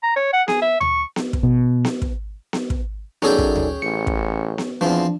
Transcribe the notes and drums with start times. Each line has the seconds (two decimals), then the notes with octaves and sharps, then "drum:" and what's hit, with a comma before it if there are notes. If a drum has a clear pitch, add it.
0.03 A#5
0.16 C#5
0.33 F#5
0.48 G#4, drum: snare B3
0.62 E5
0.81 C#6, drum: tom D2
1.16 drum: snare B3
1.33 drum: kick
1.43 B2
1.85 drum: snare B3
2.02 drum: kick
2.53 drum: snare B3
2.70 drum: kick
3.22 F#2 C#4 D#4 G#4 A4 D5 G5, drum: snare B3
3.38 drum: kick
3.56 drum: tom D2
3.82 A1 C#7
4.07 drum: kick
4.58 drum: snare B3
4.81 E2 F3 C4 D4